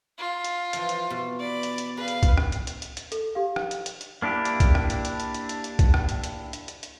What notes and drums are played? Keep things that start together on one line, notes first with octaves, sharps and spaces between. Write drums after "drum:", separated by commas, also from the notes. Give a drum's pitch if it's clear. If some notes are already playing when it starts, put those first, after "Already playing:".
F4
drum: hi-hat
E3 F3, drum: hi-hat
drum: hi-hat
B2
D5 B5
drum: hi-hat
drum: hi-hat
G#4 B4 F5
drum: hi-hat
drum: kick, hi-hat
drum: rim click
drum: hi-hat
drum: hi-hat
drum: hi-hat
drum: hi-hat
A4, drum: hi-hat
G4 F5
drum: rim click
drum: hi-hat
drum: hi-hat
drum: hi-hat
A#3 D4 E4 G4
drum: hi-hat
drum: kick, hi-hat
drum: rim click
drum: hi-hat
drum: hi-hat
drum: hi-hat
drum: hi-hat
drum: hi-hat
drum: hi-hat
drum: kick, hi-hat
drum: rim click
drum: hi-hat
drum: hi-hat
drum: hi-hat
drum: hi-hat
drum: hi-hat